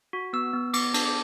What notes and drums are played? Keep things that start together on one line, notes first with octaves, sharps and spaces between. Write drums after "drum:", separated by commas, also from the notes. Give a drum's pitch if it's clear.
F#4
B3 E6
B3
B3 D6, drum: cymbal
D4, drum: cymbal
D6